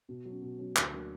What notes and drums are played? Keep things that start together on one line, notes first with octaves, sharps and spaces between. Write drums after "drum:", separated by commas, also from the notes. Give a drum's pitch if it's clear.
B2
F#3 C#4
B2
F#3 C#4
D2, drum: clap
D3 F#3 A#3 D4